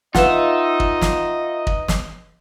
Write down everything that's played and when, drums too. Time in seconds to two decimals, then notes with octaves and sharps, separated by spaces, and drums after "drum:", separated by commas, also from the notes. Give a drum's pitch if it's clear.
0.15 D#4 F4 B4 D#5 E5 F#5, drum: snare
0.80 drum: kick
1.01 drum: snare
1.67 drum: kick
1.88 drum: snare